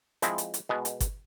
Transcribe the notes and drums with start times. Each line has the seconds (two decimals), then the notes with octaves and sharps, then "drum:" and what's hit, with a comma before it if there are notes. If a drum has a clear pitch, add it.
0.22 F3 G#3 C4 E4, drum: hi-hat
0.38 drum: hi-hat
0.54 drum: hi-hat
0.69 B2 G#3 B3
0.85 drum: hi-hat
1.00 drum: kick G1, hi-hat